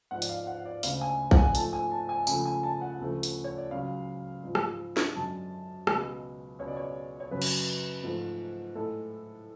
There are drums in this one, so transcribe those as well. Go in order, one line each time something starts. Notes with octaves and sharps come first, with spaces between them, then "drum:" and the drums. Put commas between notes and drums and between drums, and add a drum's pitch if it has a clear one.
G#2 F3 G#3 F#5
D5, drum: hi-hat
F5
F#5
D5
D2 C#3 G#3 F5, drum: open hi-hat
G#5
F#5, drum: kick A#1
G#5
G#2 F3 A3 A5, drum: hi-hat
G#5
A5
G#5
C#2 C#3 F3 A3 G#5, drum: tambourine
G#5
A5
F#5
D2 C#3 F3 A3
drum: hi-hat
C#5
D5
C#2 C#3 F#3 F5
G#2 F3 G#3
drum: rim click
drum: snare
F#2 D3 G#3 A5
C#2 B2 G#3, drum: rim click
C#2 B2 G#3 C#5
D5
C#5
C#5
F#2 C#3 F#3 B4
drum: cymbal
G#2 F3 A3
A2 G#3 A4